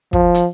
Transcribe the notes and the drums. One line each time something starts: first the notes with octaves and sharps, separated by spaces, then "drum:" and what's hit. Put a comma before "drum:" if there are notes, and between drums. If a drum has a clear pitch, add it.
F3, drum: kick
drum: hi-hat